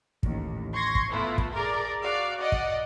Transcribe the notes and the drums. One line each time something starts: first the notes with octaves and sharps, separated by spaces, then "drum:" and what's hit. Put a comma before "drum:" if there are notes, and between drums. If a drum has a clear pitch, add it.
A1 D#2, drum: kick
C6 C#6 G#6 A#6
drum: kick
A3 B3 E4 F4
drum: kick
G#4 A#4 D5 A#5 D6
F#4 D5 F5
D5 D#5 F#5
drum: kick